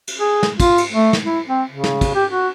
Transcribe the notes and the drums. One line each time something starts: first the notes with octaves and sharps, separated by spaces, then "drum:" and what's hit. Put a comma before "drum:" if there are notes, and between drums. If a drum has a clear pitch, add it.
drum: cymbal
G#4
drum: snare
F4, drum: kick, cymbal
drum: cymbal
A3
drum: snare
E4
C4
C#3
drum: snare
drum: kick, cymbal
G4
F#4